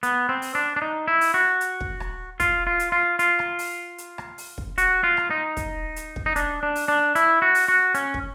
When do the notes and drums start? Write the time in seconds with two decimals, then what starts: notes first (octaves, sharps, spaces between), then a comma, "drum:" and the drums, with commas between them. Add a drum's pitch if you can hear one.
0.03 B3, drum: hi-hat
0.29 C4
0.42 drum: open hi-hat
0.55 D4
0.76 D4
0.82 D#4
1.08 E4
1.21 drum: open hi-hat
1.34 F#4
1.61 drum: hi-hat
1.81 drum: kick
2.00 drum: rim click
2.40 F4, drum: kick, hi-hat
2.67 F4
2.80 drum: hi-hat
2.92 F4
3.19 F4, drum: hi-hat
3.39 drum: rim click
3.59 drum: open hi-hat
3.98 drum: hi-hat
4.18 drum: rim click
4.38 drum: open hi-hat
4.58 drum: kick
4.78 F#4, drum: hi-hat
5.04 F4
5.17 drum: rim click
5.30 D#4
5.57 drum: kick, hi-hat
5.96 drum: hi-hat
6.16 drum: kick
6.26 D#4
6.36 D4, drum: hi-hat
6.63 D4
6.75 drum: open hi-hat
6.88 D4
7.15 E4, drum: hi-hat
7.42 F#4
7.55 drum: open hi-hat
7.68 F#4
7.94 C#4, drum: hi-hat
8.14 drum: kick